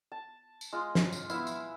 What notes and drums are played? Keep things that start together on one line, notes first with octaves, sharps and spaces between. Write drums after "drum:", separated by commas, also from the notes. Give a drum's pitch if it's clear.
A5
drum: tambourine
G#3 F4 D#5
drum: snare
drum: tambourine
B3 E4 E5 F5, drum: tambourine
drum: tambourine